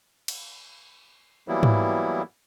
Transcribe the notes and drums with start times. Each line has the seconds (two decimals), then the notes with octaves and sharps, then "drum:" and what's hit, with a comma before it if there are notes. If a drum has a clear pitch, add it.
0.28 drum: cymbal
1.48 E3 F#3 G3 A#3 B3 E4
1.63 drum: tom G#2